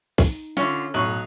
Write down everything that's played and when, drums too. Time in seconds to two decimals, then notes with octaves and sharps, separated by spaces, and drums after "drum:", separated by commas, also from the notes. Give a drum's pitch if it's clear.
0.18 D#4, drum: kick, open hi-hat
0.57 D3 C#4 F4, drum: hi-hat
0.94 B1 A2 D#4 C#6 F#6